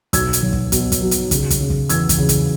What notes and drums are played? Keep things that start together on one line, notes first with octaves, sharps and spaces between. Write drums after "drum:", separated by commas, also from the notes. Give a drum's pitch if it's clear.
B1 E6 G#6, drum: kick, hi-hat
drum: hi-hat
B1
drum: kick
B2, drum: kick, hi-hat
drum: kick, hi-hat
F#3
drum: hi-hat
C#3, drum: kick, hi-hat
drum: kick, hi-hat
C#3
drum: kick
E2 E6 G#6, drum: hi-hat
drum: kick, hi-hat
C#3
drum: kick, hi-hat